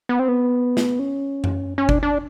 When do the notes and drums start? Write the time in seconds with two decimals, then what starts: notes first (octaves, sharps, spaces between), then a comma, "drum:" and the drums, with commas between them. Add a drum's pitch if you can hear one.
0.09 B3
0.19 C4
0.28 B3
0.77 drum: snare
0.99 C#4
1.44 drum: tom F#2
1.78 C#4
1.89 D4, drum: kick G1
2.03 D4